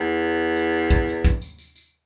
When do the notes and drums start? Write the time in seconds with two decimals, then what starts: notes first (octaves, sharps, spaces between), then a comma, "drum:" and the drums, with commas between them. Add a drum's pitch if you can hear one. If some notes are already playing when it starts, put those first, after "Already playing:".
Already playing: E2
0.56 drum: tambourine
0.73 drum: tambourine
0.90 drum: kick, tambourine
1.08 drum: tambourine
1.25 drum: kick, tambourine
1.42 drum: tambourine
1.59 drum: tambourine
1.76 drum: tambourine